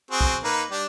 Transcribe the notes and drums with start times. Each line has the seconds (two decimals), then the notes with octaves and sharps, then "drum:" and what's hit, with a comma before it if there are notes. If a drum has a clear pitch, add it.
0.11 C4 F#4 G#4
0.21 drum: kick A#1
0.44 A#3 D#4 B4
0.71 G3 D4 G4